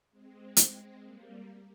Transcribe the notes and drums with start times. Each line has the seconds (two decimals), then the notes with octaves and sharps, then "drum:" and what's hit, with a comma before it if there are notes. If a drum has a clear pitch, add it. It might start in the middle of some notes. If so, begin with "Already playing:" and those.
0.11 G#3 C4
0.57 G#3 C4, drum: hi-hat
1.02 G3 A#3